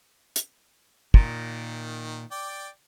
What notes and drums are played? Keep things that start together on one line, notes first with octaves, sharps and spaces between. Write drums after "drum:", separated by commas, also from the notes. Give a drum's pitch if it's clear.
drum: hi-hat
A#2 D#3, drum: kick
D5 G5